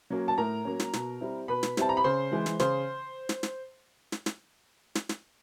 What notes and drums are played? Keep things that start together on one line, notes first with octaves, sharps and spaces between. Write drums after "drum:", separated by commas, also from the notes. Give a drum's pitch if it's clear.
F#3 A#3 C#4
A5
A2 A#4 A#5
F#3 A#3 C#4
drum: snare
B2, drum: snare
G3 C4 E4
B2 B4 B5
drum: snare
G3 C4 E4 A5, drum: snare
A#5
B5
C#3 C5 C6
E3 G#3
drum: snare
C#3 C5 C6, drum: snare
drum: snare
drum: snare
drum: snare
drum: snare
drum: snare
drum: snare